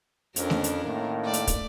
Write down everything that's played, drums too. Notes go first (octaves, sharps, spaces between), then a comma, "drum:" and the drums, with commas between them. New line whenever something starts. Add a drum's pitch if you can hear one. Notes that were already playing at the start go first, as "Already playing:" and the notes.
F2 C#4 D4 A#4, drum: hi-hat
drum: snare A3
drum: hi-hat
A2 D#3 A#3
A3 D5
drum: hi-hat
drum: kick, hi-hat